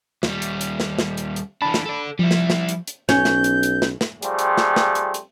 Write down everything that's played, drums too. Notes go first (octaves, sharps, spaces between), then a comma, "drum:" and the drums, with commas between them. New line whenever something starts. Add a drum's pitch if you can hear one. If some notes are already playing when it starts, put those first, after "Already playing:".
D#2 G3, drum: snare
drum: hi-hat
drum: hi-hat
drum: snare
drum: snare
drum: hi-hat
drum: hi-hat
E3 D4 A5 B5
drum: snare
A4 D5
F3 G3 E4
drum: snare
drum: snare
drum: hi-hat
drum: hi-hat
B1 C#4 G6, drum: snare
drum: snare
drum: hi-hat
drum: hi-hat
drum: snare
drum: snare
F3 G3 A3 C4 G#4, drum: hi-hat
drum: hi-hat
drum: snare
drum: snare
drum: hi-hat
drum: hi-hat